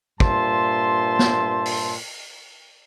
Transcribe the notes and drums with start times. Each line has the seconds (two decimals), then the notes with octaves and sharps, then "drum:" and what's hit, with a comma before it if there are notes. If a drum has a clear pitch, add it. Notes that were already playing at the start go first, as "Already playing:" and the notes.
0.20 G2 A#2 C5 E5 A5 C6, drum: kick
1.19 drum: snare
1.65 drum: open hi-hat